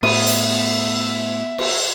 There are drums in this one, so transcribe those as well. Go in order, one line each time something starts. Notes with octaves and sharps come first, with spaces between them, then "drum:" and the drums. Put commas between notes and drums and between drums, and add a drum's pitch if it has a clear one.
A2 B3 E5 B5 D#6, drum: cymbal
drum: hi-hat
drum: cymbal